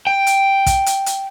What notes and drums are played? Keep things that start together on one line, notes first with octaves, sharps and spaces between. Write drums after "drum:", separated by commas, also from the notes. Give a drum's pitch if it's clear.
G5
drum: hi-hat
drum: kick, hi-hat
drum: hi-hat
drum: hi-hat